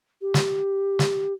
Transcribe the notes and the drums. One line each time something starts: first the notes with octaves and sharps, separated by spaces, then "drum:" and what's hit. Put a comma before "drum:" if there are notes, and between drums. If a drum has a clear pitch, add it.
G4
drum: snare
drum: snare